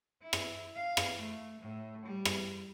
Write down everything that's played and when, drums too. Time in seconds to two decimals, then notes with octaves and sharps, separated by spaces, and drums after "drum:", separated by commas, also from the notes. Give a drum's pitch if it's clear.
0.23 E4
0.33 drum: rim click
0.76 F5
0.97 drum: rim click
1.18 A3
1.61 A2
2.06 G3
2.25 drum: rim click